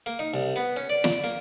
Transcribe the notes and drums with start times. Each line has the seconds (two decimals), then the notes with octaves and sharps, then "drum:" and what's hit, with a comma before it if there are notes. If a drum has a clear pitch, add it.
0.06 A#3
0.19 D#4
0.34 C2
0.56 B3
0.76 C#4
0.90 D5
1.04 drum: snare
1.24 A#3